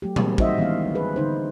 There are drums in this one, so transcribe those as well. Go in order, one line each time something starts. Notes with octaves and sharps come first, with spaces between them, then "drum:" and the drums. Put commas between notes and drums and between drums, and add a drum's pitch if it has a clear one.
F#3 A3 G4
E3 G3 A#3 C4 F#4 G#4, drum: tom A#2
G3 D#4 F#4 C5 D#5 E5, drum: kick
D#3 E3 G#3 B3 C#4 F5
G#4 B4
D3 D#4 C5